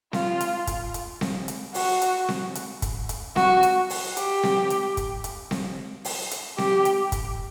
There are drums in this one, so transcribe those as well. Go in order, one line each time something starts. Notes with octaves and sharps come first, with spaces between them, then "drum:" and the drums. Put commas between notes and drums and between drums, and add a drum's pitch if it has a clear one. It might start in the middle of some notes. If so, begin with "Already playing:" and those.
F4, drum: snare C4
drum: hi-hat
drum: kick, hi-hat
drum: hi-hat
drum: snare C4
drum: hi-hat
F#4, drum: open hi-hat
drum: hi-hat
drum: snare C4
drum: hi-hat
drum: kick, hi-hat
drum: hi-hat
F#4, drum: snare C4
drum: hi-hat
drum: open hi-hat
G4, drum: hi-hat
drum: snare C4
drum: hi-hat
drum: kick, hi-hat
drum: hi-hat
drum: snare C4
drum: open hi-hat
drum: hi-hat
G4, drum: snare C4
drum: hi-hat
drum: kick, hi-hat